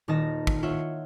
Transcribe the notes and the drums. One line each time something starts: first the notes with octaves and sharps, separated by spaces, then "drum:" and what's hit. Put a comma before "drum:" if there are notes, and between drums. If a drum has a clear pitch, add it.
D#1 D#3 D#4 A5 A#6
drum: kick
F4 C#5 E5 F#5